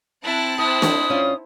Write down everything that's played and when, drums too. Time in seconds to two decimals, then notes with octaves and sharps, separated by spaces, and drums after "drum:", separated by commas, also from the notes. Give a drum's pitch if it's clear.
0.24 C4 E4 A5 F#6
0.58 E4 C5 G5 D#6
0.82 drum: snare
1.10 G2 C#4 F4